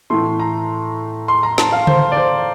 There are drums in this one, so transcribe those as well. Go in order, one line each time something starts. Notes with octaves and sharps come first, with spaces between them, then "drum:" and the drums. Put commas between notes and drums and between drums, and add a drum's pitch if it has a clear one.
A2 E3 A3 C6
A#5
C6
A#5
A5, drum: snare
F5
C5, drum: tom C#3
D5
C5